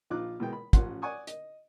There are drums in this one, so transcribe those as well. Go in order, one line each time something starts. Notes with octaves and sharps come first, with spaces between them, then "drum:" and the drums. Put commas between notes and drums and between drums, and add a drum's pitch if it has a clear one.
A#1 F3 D#4 F4 D6 F#6
B2 E3 G#3 G5
B5
A1 F3 C#4 F#5 C6, drum: kick, hi-hat
D5 F#5 G#5 C#6 D#6
D#5, drum: hi-hat